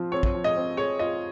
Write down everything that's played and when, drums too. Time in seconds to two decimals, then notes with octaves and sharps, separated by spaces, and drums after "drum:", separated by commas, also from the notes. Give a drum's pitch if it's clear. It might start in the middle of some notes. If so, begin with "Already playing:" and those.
Already playing: F3 C4 F4
0.12 C4 C#5
0.23 drum: kick
0.34 F3
0.44 D#5
0.56 C4
0.77 G#4 C#5
0.99 F4 D#5